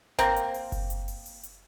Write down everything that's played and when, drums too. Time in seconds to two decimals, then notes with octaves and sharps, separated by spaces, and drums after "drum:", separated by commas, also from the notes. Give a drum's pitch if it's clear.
0.19 A#3 C4, drum: snare G#1
0.36 drum: hi-hat
0.54 drum: open hi-hat
0.72 drum: kick F#1, open hi-hat
0.90 drum: hi-hat
1.08 drum: open hi-hat
1.26 drum: open hi-hat
1.43 drum: hi-hat